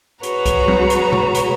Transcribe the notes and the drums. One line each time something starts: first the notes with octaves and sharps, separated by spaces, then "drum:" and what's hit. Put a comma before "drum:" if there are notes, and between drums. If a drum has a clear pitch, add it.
F#4 G#4 B4 C#5 A#5, drum: hi-hat
drum: kick C2, hi-hat
drum: tom F#3
drum: hi-hat
drum: tom B2
drum: hi-hat